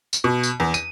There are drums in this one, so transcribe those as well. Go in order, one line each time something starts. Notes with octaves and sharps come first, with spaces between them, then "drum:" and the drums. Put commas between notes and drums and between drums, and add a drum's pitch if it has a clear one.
drum: tambourine
B2
drum: tambourine
E2
D#7, drum: tambourine